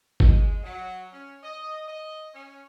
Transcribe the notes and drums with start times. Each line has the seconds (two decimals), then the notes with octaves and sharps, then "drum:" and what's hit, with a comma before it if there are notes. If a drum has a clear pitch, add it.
0.20 G#3, drum: kick
0.63 F#3
1.12 C#4
1.42 D#5
1.87 D#5
2.34 C#4